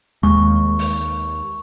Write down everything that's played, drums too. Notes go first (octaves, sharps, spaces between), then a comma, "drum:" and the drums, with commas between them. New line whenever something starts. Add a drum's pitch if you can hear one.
D#2 G#3 C#6
drum: open hi-hat